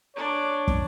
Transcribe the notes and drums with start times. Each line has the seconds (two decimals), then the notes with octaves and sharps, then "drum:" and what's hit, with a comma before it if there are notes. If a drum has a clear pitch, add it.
0.16 D4 C#5 D5
0.68 drum: kick